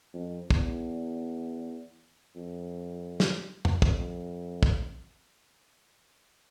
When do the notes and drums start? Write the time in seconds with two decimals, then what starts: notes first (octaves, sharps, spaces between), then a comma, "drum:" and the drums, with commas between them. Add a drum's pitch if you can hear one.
0.14 F2
0.50 E2, drum: kick
2.36 F2
3.20 drum: snare
3.65 drum: tom
3.82 F2, drum: kick
4.63 drum: kick